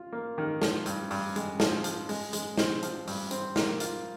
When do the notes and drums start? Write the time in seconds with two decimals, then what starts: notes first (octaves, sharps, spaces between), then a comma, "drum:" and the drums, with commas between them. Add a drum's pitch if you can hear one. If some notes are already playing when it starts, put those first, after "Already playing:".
Already playing: F4
0.12 A#3
0.38 D#3
0.62 F3, drum: snare
0.86 G2, drum: hi-hat
1.10 G2, drum: open hi-hat
1.36 G#3, drum: hi-hat
1.60 F3, drum: snare
1.84 F3, drum: hi-hat
2.09 G#3, drum: open hi-hat
2.33 G#3, drum: hi-hat
2.58 C4, drum: snare
2.82 F3, drum: hi-hat
3.07 G2, drum: open hi-hat
3.31 C4, drum: hi-hat
3.56 A#3, drum: snare
3.80 F4, drum: hi-hat